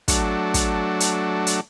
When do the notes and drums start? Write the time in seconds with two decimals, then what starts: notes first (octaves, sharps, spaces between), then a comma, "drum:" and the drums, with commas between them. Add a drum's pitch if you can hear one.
0.08 F#3 A3 D4, drum: kick, hi-hat
0.54 drum: kick, hi-hat
1.00 drum: hi-hat
1.47 drum: hi-hat